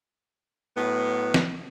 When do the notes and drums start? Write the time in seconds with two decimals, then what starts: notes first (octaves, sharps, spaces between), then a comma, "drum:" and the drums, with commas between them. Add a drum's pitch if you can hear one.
0.76 A2 F#3 B3
1.34 drum: snare